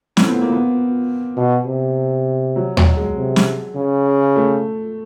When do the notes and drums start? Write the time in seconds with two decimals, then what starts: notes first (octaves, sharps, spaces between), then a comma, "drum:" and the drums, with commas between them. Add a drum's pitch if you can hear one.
0.17 A2 C4, drum: snare
0.29 B3
0.41 A#3
0.52 B3
1.37 B2
1.67 C3
2.56 F#3
2.77 F#3, drum: tom D#2
2.97 G#3
3.17 C3
3.36 drum: snare
3.76 C#3
4.36 A3